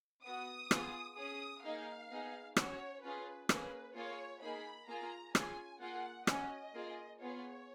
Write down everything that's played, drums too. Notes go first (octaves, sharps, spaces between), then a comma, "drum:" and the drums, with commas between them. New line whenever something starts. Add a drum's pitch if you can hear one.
B3 F#4 D#6
B3 F4 G#4, drum: rim click
C#4 G#4 D#6
A#3 D#4 G#4 F5
B3 D#4 G#4
C#4 F#4 C#5, drum: rim click
C#4 F4 G#4 B4
A#3 C#4 G#4 B4, drum: rim click
A#3 F4 G#4 C#5
A#3 D#4 G#4 B5
A#3 F4 G#4 A#5
C#4 F4 G#4 G#5, drum: rim click
A#3 F4 G#4 F#5
C#4 F#4 D#5, drum: rim click
A#3 F4 G#4
B3 F4 G#4 C#5